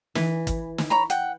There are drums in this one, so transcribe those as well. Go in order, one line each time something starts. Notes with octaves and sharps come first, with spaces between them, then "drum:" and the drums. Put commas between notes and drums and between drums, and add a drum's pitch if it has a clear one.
E3, drum: snare
drum: kick, hi-hat
drum: snare
C#5 A#5 B5
F#5 G5, drum: hi-hat